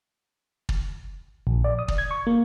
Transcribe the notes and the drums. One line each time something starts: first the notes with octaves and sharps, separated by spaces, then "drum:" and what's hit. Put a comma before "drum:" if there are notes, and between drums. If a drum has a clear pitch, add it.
drum: kick
A#1
D5
D#6
drum: kick
G#6
C#6
A#3